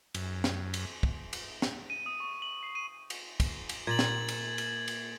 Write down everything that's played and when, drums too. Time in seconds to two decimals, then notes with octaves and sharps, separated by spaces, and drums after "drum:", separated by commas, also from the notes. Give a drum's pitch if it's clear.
0.14 F#2, drum: cymbal
0.44 drum: snare
0.74 drum: cymbal
1.03 drum: kick
1.33 drum: cymbal
1.62 drum: snare
1.90 D#7
2.06 D#6
2.20 C#6
2.42 F#7
2.63 C7
2.75 D#7
3.10 drum: cymbal
3.40 drum: kick, cymbal
3.69 drum: cymbal
3.87 A#2 G#6 A6 F#7
3.99 drum: snare
4.28 drum: cymbal
4.58 drum: cymbal
4.88 drum: cymbal